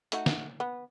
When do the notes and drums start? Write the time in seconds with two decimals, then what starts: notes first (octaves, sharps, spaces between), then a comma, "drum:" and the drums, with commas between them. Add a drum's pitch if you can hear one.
0.12 A3 D#4 F#4, drum: hi-hat
0.26 drum: snare
0.60 B3